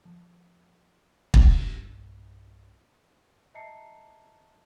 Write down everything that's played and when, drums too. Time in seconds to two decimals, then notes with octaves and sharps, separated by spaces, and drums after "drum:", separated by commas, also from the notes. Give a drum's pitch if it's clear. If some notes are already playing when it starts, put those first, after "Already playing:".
0.05 F3
1.34 B1 G2 A#2, drum: kick
3.54 D#5 E5 A5 A#5 C7 C#7